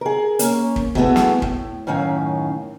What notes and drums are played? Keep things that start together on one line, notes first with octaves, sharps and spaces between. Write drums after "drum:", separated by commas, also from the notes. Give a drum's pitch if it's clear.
G#4 A#4
A#3 C#4, drum: hi-hat
drum: kick
A3 B3 D4 E4 F#4 G#4, drum: kick
drum: snare
A2, drum: kick
F#2 A2 D#3 C#4 F5